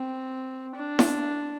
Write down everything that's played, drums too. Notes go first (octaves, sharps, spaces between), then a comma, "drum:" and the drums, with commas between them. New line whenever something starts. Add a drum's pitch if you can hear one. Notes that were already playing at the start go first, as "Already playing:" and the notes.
Already playing: C4
D4
drum: snare E4